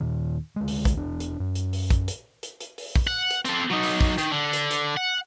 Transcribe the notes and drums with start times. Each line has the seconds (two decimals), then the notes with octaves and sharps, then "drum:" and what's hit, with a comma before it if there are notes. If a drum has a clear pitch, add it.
0.01 D#2 A#2 D#3
0.56 D2 G#3
0.68 drum: open hi-hat
0.85 drum: kick, hi-hat
0.96 E1 D4
1.20 drum: hi-hat
1.40 F#2
1.55 drum: hi-hat
1.73 drum: open hi-hat
1.90 drum: kick, hi-hat
2.08 drum: hi-hat
2.43 drum: hi-hat
2.61 drum: hi-hat
2.78 drum: open hi-hat
2.96 drum: kick
3.07 F#5
3.31 drum: hi-hat
3.45 C4 A4, drum: hi-hat
3.71 F#3 D#4
3.83 drum: open hi-hat
4.01 drum: kick
4.18 D#3, drum: hi-hat
4.31 D3
4.53 drum: hi-hat
4.71 drum: hi-hat
4.97 F#5